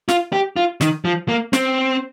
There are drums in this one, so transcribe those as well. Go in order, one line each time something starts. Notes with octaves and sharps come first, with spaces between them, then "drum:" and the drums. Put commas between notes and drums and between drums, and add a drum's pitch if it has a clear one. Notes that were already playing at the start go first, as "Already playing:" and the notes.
F4, drum: snare
G4
F4
D#3, drum: snare
F3
A#3
C4, drum: snare